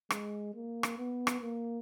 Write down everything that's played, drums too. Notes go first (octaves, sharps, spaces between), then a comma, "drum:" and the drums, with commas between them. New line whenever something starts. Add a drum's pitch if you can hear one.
G#3, drum: rim click
A#3
drum: rim click
B3
drum: rim click
A#3